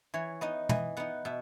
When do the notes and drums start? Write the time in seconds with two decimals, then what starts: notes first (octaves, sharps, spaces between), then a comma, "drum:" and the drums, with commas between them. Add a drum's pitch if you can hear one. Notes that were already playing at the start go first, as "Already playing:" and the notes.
0.14 E3 C#5
0.41 B3 D#4 D#5
0.69 E3 D#5, drum: tom
0.97 B3 D#4 F#5
1.25 B2 E5